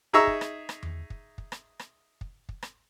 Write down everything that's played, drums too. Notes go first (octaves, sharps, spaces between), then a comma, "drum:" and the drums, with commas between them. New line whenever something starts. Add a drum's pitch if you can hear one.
D#4 G#4 E5 A#5 C#6 E6
drum: kick
drum: rim click
drum: rim click
drum: tom E2
drum: kick
drum: kick
drum: rim click
drum: rim click
drum: kick
drum: kick
drum: rim click